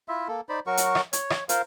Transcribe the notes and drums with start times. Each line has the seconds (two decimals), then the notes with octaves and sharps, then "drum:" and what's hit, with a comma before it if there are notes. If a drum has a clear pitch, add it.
0.08 E4 F4 E5
0.28 A#3 A4
0.49 D#4 C5 D5 B5
0.67 F#3 F#4 A#4 C#6
0.77 drum: hi-hat
0.95 drum: rim click
1.13 C#5, drum: hi-hat
1.30 drum: rim click
1.49 F4 A#4 C5 F5, drum: hi-hat